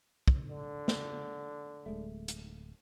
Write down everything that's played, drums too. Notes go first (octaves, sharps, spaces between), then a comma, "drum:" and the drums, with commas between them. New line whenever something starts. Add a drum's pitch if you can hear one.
drum: kick
D3
drum: snare
D1 G#3 A3
drum: hi-hat